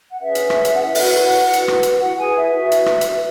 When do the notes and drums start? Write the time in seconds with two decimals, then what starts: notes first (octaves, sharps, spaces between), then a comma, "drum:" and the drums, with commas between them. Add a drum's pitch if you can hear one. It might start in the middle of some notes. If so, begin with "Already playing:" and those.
0.10 F#5
0.20 C#4 G#4 B4 E5
0.35 drum: hi-hat
0.50 drum: rim click
0.65 drum: hi-hat
0.75 F#5
0.80 E4 B4 E5
0.95 E5, drum: open hi-hat
0.99 F#4 F#5
1.19 F#4 F#5
1.38 F#4 B4
1.53 drum: hi-hat
1.68 drum: rim click
1.83 drum: hi-hat
1.97 E4 F#4 B4 F#5
2.17 G#4 G#5
2.37 E5
2.56 F#4 B4 E5
2.72 drum: hi-hat
2.86 drum: rim click
3.01 drum: hi-hat